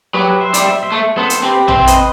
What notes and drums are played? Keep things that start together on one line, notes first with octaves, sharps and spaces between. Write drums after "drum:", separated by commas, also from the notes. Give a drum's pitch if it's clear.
F#3 G4 B4
C5 E5
G3, drum: hi-hat
E5
C5 E5
A3
B3 A4 C5
drum: hi-hat
C4 G4 B4
C4 C5 E5, drum: tom
C5
B4 D#5, drum: hi-hat